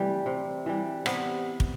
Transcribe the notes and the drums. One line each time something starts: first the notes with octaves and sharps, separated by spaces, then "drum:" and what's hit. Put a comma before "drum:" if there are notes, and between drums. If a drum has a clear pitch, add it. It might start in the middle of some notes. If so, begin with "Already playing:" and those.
Already playing: C3 E3 G3 A3
C3
E3 G3
C3 B3, drum: rim click
drum: kick